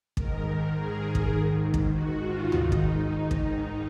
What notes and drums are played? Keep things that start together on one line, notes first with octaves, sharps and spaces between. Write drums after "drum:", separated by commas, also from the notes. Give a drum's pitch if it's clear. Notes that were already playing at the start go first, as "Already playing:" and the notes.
G#2 D#3 A#4, drum: kick
G#4
drum: kick
G#2 D#3
drum: kick
F#4
F4
G#2 D#3 D#4, drum: tom D2
drum: kick
drum: kick